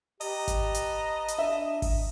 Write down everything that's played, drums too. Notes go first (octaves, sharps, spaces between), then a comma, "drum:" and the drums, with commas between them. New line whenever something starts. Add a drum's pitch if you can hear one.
G4 B4 D#5 A5 A#5, drum: open hi-hat
drum: kick G#1, hi-hat
drum: hi-hat
drum: hi-hat
D4 E5
drum: kick G#1, open hi-hat